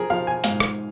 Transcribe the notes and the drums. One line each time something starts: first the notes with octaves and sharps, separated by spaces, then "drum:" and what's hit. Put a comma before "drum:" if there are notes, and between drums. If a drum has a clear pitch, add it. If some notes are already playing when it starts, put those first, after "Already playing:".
Already playing: F3 G#4 A#4
F3 F5
G#5
G#2 F5, drum: hi-hat
drum: rim click